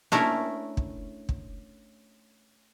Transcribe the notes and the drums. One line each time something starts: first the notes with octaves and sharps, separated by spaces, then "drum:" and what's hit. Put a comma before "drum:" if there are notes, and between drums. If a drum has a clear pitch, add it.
A3 C#4 D4 E4 A#4, drum: snare A#3
drum: kick
drum: kick